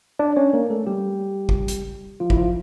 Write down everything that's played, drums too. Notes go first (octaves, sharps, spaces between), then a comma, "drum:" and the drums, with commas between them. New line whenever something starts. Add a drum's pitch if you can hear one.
D4 D5
C#4 C#5
A#3 A#4
A3 A4
G3 G4
drum: kick
drum: hi-hat
F3 F4
E4, drum: kick
F3 F4